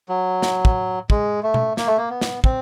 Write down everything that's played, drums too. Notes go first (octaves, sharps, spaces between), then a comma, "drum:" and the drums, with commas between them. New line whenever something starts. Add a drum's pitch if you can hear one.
F#3
drum: snare
drum: kick
G#3, drum: kick
A3
drum: tom B2
A#3, drum: snare
A3
A#3
B3
drum: snare
C4, drum: kick